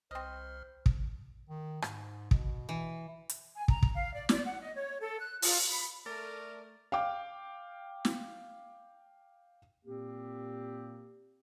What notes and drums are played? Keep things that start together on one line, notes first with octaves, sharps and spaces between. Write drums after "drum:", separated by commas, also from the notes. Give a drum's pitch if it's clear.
C2 C4 C5 D#5 F6
drum: kick
D#3
G#2, drum: rim click
B2, drum: kick
E3
drum: hi-hat
G#5
A#5, drum: kick
drum: kick
F5
D5
D5, drum: snare
F#5
D#5
C#5
A4
F#6
F4, drum: open hi-hat
B5
A3 A#4 D5 F6
F5 G5 D6
drum: snare
A#2 A#3 C4 G4